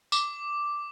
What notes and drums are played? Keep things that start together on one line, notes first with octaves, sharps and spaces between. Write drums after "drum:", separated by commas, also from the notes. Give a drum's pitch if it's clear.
D6, drum: tambourine